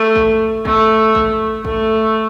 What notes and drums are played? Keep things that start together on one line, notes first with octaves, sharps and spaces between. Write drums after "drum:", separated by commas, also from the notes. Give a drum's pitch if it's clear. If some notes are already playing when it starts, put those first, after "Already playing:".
Already playing: A3
drum: kick A1
A3, drum: kick A1
drum: kick A1
A3, drum: kick A1